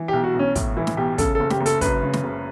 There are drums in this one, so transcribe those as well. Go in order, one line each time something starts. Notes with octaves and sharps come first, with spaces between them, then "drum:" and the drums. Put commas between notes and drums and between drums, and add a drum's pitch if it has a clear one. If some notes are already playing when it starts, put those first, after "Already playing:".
Already playing: E3
B1 G4
F#4
B1 C#4
A2, drum: kick, hi-hat
E3 E4
drum: snare
B1 G4
C#3 A4, drum: kick, hi-hat
A4
F#1
G4, drum: snare
F#1
A4, drum: hi-hat
F#2 B4, drum: kick, hi-hat
C#3
drum: snare
F#1